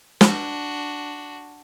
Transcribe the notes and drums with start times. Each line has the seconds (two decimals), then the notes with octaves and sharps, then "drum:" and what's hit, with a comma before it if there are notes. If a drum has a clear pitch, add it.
0.21 D4 F#4, drum: snare